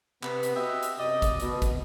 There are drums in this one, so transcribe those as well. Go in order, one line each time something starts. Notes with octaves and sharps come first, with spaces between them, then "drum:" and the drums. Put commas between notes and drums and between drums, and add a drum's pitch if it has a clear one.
C3 B3, drum: clap
drum: hi-hat
F#4 G4 B4 D#5 E5
drum: hi-hat
F#2 C3 D5 D#5
drum: kick, hi-hat
B2, drum: hi-hat
drum: kick, hi-hat